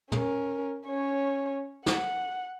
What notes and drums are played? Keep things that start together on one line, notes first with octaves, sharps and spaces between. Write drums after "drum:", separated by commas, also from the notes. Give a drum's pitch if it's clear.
C#4 A#4, drum: tom
C#4 C#5
F#5, drum: snare